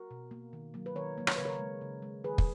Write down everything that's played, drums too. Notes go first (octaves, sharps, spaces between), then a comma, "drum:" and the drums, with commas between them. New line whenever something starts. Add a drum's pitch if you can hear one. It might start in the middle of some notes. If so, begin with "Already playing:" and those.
Already playing: F#4 A#4
B2
A#3
D#3
F#3 A#3
B4
D#3 A#4 C#5
F#3 A#3
C#5, drum: rim click
C#3 B4
A#4 C#5
G#3
C#3
G#3
D#3 G#4 B4
drum: kick